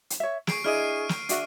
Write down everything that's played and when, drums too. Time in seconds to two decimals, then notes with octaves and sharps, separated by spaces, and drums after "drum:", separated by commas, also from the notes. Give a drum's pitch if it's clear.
0.10 drum: hi-hat
0.20 C#5 E5
0.47 G#4 C#6 C7 D7, drum: snare
0.64 D4 E4 G#4 D#5 F6 D7 D#7
1.09 drum: snare
1.29 D4 F#4 G#4 E5, drum: hi-hat